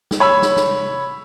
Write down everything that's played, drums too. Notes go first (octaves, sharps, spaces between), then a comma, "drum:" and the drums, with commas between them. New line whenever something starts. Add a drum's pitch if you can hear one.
drum: snare
C#5 B5 E6
drum: snare
drum: snare